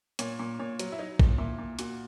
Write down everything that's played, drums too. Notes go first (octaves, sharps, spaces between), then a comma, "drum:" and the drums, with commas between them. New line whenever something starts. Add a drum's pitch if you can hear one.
A#2 C#5, drum: hi-hat
A#2
A#2 C#5
F#3, drum: hi-hat
E4
F#3 D#4
A#2, drum: kick
A#2 E4
A#2
A#2 F#4, drum: hi-hat